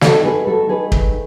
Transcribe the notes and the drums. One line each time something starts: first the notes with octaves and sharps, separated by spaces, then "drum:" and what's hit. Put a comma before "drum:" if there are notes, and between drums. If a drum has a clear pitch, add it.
D#3 F#4 A4, drum: snare
D#3 G#4 B4
A3 F#4 A4
D#3 G#4 B4
A3, drum: kick